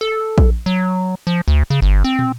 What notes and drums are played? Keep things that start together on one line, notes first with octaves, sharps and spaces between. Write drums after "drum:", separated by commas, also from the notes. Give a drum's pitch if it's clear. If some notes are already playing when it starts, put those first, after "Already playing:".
A4
drum: kick A#1
F#3
F3
D2
C#3
G1
C4
drum: tom